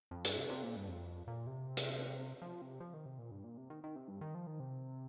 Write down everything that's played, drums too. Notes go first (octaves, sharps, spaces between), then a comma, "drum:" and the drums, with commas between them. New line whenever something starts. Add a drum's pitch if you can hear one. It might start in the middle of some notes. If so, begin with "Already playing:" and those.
F2
G2, drum: hi-hat
C3
C3
A#2
G2
F2
A#2
C3
drum: hi-hat
F3
C3
F3
D#3
C3
A#2
G2
A#2
C3
D#3
D#3
C3
G2
D#3
F3
D#3
C3